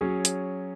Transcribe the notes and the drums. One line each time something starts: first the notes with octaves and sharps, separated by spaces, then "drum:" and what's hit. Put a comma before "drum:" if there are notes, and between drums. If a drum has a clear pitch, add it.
F#3 C#4 G#4
drum: hi-hat